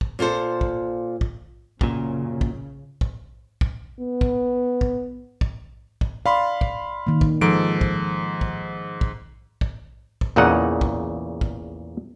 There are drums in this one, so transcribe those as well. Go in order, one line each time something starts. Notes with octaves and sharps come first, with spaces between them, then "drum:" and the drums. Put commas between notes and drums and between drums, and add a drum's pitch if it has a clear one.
drum: kick
A#2 F4 A4 C5
drum: kick
drum: kick
F#2 A#2 C#3, drum: kick
drum: kick
drum: kick
drum: kick
B3
drum: kick
drum: kick
drum: kick
drum: kick
D5 F5 B5 C6
drum: kick
D#3 A#3
drum: kick
G#2 F3 A4 D7
drum: kick
drum: kick
drum: kick
drum: kick
drum: kick
E2 A#2 C#3 A3 D#4 F#5
drum: kick
drum: kick